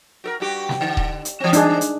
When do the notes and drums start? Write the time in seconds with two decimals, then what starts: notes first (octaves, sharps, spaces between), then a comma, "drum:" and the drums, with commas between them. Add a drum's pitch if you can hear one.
0.24 F#4 A4 A#4
0.40 G2 F#4 G4
0.69 drum: snare
0.81 D3
0.97 drum: kick D#1
1.25 drum: hi-hat
1.40 E3 C4
1.53 D4 D#4 G#4, drum: hi-hat
1.81 drum: hi-hat